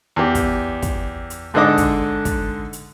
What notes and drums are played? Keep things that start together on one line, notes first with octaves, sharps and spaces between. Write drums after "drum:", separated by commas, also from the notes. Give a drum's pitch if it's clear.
E2 G4
drum: kick, hi-hat
drum: kick, hi-hat
drum: hi-hat
G#2 D3 G#4 A4 D#5 D6
drum: kick, hi-hat
drum: kick, hi-hat
drum: hi-hat